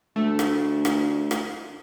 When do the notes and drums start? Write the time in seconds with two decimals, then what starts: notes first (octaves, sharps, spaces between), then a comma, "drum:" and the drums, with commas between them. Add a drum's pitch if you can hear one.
0.16 D2 A3
0.39 drum: rim click
0.85 drum: rim click
1.31 drum: rim click